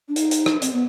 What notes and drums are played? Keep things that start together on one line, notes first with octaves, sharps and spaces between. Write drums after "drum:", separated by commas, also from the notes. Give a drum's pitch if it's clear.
D4
D#4, drum: hi-hat
drum: hi-hat
drum: rim click
C4, drum: hi-hat
B3